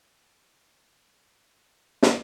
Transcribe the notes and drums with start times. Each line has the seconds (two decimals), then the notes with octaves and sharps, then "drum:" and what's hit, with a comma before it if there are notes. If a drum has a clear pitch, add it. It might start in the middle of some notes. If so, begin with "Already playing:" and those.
0.64 G#4
1.29 E5
2.03 drum: snare